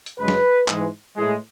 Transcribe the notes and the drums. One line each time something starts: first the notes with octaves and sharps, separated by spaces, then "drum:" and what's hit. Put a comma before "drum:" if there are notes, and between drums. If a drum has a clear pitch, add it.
drum: hi-hat
F#2 C#3 G#3 B4
drum: snare
G#2 E3 G#3, drum: clap
A2 E3 G#3